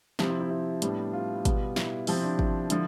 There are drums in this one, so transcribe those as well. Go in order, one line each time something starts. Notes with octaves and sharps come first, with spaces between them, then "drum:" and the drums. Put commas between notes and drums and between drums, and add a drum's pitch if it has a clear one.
C3 F3 C4 E4, drum: snare
E4
E4
E4
A2 G3 B3 D4, drum: hi-hat
F4
B2 G3 B3, drum: kick G#1, hi-hat
E4, drum: snare
C3 F3 C4 E4, drum: open hi-hat
D4
drum: kick G#1
D3 F3 E4, drum: hi-hat